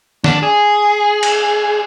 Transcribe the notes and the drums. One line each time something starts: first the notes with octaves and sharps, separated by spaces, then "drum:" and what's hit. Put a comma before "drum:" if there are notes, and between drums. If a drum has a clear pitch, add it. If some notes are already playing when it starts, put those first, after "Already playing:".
D4, drum: snare
G#4
drum: cymbal